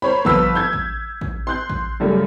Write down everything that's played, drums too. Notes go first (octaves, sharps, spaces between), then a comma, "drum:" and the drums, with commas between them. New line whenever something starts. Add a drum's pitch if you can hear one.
A#4 C5 C#5 B5
G1 F3 B4 E6 F6 B6, drum: kick
G6 G#6
drum: kick
drum: kick
C6 F#6 G6
drum: kick
F#2 C#3 G3 A3